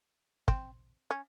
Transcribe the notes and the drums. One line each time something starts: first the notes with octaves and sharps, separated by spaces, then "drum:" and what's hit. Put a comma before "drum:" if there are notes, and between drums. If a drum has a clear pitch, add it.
C4, drum: kick
C#4